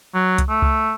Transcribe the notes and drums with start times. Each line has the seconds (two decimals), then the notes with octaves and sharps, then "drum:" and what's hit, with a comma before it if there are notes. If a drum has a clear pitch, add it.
0.15 F#3
0.38 drum: kick C2, hi-hat
0.49 A3
0.62 drum: kick C2